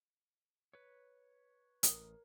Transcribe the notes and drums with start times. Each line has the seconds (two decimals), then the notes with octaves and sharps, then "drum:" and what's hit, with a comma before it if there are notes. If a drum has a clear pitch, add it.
0.73 B4 C#5
1.83 A1 A#4 D#6, drum: hi-hat